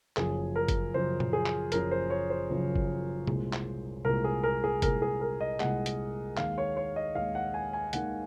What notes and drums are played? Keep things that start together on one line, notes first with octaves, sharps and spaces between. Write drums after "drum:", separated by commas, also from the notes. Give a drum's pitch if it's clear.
F#1 F#2 C#3 F3 G#4, drum: clap
A#4
drum: kick G1, hi-hat
F#1 F#2 C#3 F3 C5
drum: tom A#2
G#4
drum: clap
F#1 F#2 C#3 F3 A#4, drum: hi-hat
C5
C#5
C5
F#1 F#2 C#3 F3
drum: kick G1
C2 A#2 G#3, drum: tom A#2
drum: clap
C2 A#2 G#3 A#4
G#4
A#4
G#4
C2 A#2 G#3 A#4, drum: kick G1, hi-hat
G#4
A#4
D#5
C2 A#2 G#3 F#5, drum: clap
drum: hi-hat
D#2 D#3 G#3 F5, drum: clap
C#5
C#5
D#5
D#2 D#3 G#3 F5
F#5
G#5
G#5
D#2 D#3 G#3 F#5, drum: hi-hat